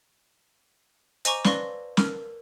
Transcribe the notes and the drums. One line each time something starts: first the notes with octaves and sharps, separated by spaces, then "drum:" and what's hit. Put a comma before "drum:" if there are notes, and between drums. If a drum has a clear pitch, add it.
C5 D#5 G#5 A#5 C#6 D6, drum: hi-hat
B4 D5 F5 C6 C#6 A#6, drum: snare
A#4 F6, drum: snare